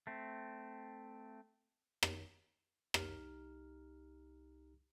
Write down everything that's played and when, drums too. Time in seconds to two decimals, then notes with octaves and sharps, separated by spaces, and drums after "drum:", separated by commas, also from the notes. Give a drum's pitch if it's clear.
0.07 A3 C4
2.03 drum: rim click
2.94 C2 D#4 G4 A#5 F6, drum: rim click